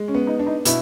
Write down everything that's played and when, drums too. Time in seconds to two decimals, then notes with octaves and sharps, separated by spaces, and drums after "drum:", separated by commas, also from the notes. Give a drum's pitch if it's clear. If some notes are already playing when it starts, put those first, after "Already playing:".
Already playing: G#3
0.08 C#4
0.14 B3
0.27 D#4
0.39 D4
0.46 D#4
0.65 B2 E4, drum: hi-hat